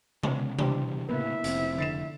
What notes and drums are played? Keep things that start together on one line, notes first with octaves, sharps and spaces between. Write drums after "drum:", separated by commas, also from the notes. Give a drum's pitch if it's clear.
G#3 B3 C#4, drum: tom C3
B2 E3 G3 D4 G4 C5, drum: tom C3
A2 C3 A#3 B3 E4 B4 E5
F1 C3, drum: hi-hat
D3 A6 C7 E7